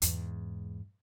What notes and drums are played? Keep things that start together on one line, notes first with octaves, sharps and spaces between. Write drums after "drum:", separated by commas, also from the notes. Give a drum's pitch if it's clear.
E2 G#2, drum: hi-hat